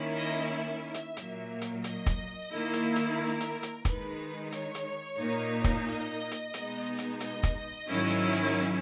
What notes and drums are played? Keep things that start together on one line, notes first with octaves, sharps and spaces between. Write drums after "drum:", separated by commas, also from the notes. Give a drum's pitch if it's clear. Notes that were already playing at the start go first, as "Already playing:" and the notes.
Already playing: D#3 A#3 C#4 E4
D#5
E5
drum: hi-hat
A#2 F#3 A#3, drum: hi-hat
drum: hi-hat
D#5, drum: hi-hat
drum: kick, hi-hat
D#3 A#3 E4
drum: hi-hat
drum: hi-hat
A#4
drum: hi-hat
drum: hi-hat
D#3 G#3 D#4 B4, drum: kick, hi-hat
C#5, drum: hi-hat
drum: hi-hat
A#2 A#3 D#4
drum: kick, hi-hat
D#5
drum: hi-hat
B2 G#3 B3 D#4, drum: hi-hat
drum: hi-hat
D#5, drum: hi-hat
drum: kick, hi-hat
G#2 D#3 F#3 C#4 E4
drum: hi-hat
drum: hi-hat